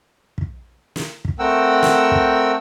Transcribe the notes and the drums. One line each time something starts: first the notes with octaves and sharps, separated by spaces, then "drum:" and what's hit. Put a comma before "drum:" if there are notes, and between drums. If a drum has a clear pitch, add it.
drum: kick
drum: snare
drum: kick
A3 C4 A#4 F#5 G5 E6
drum: snare
drum: kick